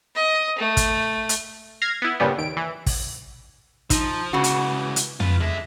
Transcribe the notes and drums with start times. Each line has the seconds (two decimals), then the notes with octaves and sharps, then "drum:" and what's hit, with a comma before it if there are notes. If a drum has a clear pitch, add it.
0.15 D#5
0.58 A3
0.77 drum: kick, hi-hat
1.29 drum: hi-hat
1.82 F6 G#6 A#6 C7
2.02 B3 E4
2.20 G2 A#2 C#3 G3 B3
2.38 D#2 D7
2.57 E3
2.86 drum: kick, open hi-hat
3.90 F3 D#4, drum: kick, hi-hat
4.33 C#2 C#3 E3 F#4
4.44 drum: hi-hat
4.96 drum: hi-hat
5.20 F4 B4, drum: tom
5.40 D3 G#3 E5